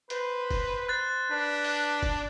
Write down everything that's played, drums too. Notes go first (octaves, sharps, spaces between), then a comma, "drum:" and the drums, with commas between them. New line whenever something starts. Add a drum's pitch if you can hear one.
B4 C5, drum: hi-hat
drum: kick, open hi-hat
C5 F#6 A6
D4 B4
drum: open hi-hat
drum: kick, open hi-hat